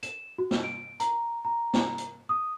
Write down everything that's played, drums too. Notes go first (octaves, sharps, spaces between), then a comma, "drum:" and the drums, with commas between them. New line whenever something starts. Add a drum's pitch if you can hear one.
E7, drum: hi-hat
F#4
drum: snare
D7
A#5, drum: hi-hat
A#5
drum: snare
drum: hi-hat
D#6